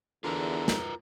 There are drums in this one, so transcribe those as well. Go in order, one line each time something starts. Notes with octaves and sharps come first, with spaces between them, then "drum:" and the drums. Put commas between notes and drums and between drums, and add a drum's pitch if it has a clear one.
E2 D3 F4 A#4 B4 A#5
drum: snare